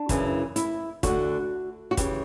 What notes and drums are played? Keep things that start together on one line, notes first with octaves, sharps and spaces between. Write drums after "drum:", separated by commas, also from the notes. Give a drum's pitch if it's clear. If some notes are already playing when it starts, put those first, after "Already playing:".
Already playing: D4
F#2 C#3 E3, drum: kick, hi-hat
E4, drum: hi-hat
D2 D3 F#4, drum: kick, hi-hat
F#4
D2 C#3 E3 G4, drum: kick, hi-hat